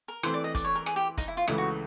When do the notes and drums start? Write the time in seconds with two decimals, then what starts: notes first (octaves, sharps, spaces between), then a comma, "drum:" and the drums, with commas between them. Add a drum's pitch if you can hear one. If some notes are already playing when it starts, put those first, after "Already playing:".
0.08 A#4
0.23 E3 A3 C4 C5, drum: rim click
0.34 D5
0.44 D#5
0.55 D5, drum: kick, hi-hat
0.64 C#5
0.76 A#4
0.86 G#4, drum: rim click
0.96 G4
1.18 D#4, drum: kick, hi-hat
1.28 E4
1.37 F4
1.48 C#2 C#3 E3 A3 E4, drum: rim click
1.58 F#4